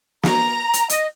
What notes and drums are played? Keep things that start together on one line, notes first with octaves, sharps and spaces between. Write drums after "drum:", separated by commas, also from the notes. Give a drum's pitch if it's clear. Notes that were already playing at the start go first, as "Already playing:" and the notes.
A#5, drum: snare
drum: hi-hat
D#5, drum: hi-hat